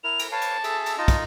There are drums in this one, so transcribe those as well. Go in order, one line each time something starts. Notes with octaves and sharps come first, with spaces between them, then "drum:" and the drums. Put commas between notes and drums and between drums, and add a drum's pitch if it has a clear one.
E4 A#4 F7
drum: cymbal
B4 C#5 F5 A5
drum: cymbal
G#4 A4 E5, drum: cymbal
drum: cymbal
D#4 F4 D#5
drum: kick, cymbal